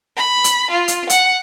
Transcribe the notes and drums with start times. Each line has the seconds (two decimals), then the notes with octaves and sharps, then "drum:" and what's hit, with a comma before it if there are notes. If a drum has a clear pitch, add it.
0.17 B5
0.44 drum: hi-hat
0.71 F4
0.88 drum: hi-hat
1.10 F#5, drum: hi-hat